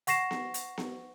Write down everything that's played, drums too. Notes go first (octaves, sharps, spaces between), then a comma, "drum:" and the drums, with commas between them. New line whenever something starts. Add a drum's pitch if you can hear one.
F#5 C#6 A#6 C7 E7, drum: hi-hat
drum: snare B3
drum: hi-hat
drum: snare B3